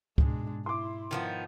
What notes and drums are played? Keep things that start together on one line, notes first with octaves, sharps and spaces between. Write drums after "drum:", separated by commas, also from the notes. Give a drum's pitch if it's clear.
G#2 B2 G#3 D4, drum: kick C#2
E4 C6 D6
D#3 F3 B3